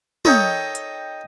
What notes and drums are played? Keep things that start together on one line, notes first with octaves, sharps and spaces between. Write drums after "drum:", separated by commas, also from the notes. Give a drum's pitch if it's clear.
D#4 A4 C#5 D#5 G5, drum: tom
drum: hi-hat